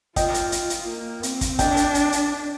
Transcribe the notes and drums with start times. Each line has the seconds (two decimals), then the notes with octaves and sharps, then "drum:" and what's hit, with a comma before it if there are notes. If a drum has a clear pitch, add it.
0.16 F4 D#5 G5, drum: kick, hi-hat
0.34 drum: hi-hat
0.52 drum: hi-hat
0.70 drum: hi-hat
0.88 A#3
1.23 C4, drum: hi-hat
1.41 drum: kick, hi-hat
1.59 D4 D#5 G5, drum: kick, hi-hat
1.77 drum: hi-hat
1.95 drum: hi-hat
2.12 drum: hi-hat